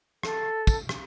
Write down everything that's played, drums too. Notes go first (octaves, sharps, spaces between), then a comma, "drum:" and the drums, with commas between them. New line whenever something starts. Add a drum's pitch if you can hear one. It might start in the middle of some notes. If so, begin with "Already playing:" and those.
A4, drum: rim click
drum: kick, tambourine
drum: rim click